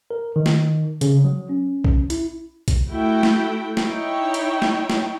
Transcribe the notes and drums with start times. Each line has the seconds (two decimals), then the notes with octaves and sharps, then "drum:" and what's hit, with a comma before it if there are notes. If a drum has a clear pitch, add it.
0.11 A#4
0.36 D#3
0.46 drum: snare
1.01 C#3, drum: hi-hat
1.24 F#3
1.49 C#4
1.85 drum: kick B1
2.10 E4, drum: hi-hat
2.68 drum: kick B1, hi-hat
2.89 A3 E4 F#4 G5
3.23 drum: snare
3.77 D#4 E4 C#5 G5, drum: snare
4.34 drum: hi-hat
4.62 drum: snare
4.90 drum: snare